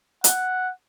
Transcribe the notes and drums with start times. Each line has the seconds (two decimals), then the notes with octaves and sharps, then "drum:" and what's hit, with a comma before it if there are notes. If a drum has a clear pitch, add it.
0.24 F#5, drum: hi-hat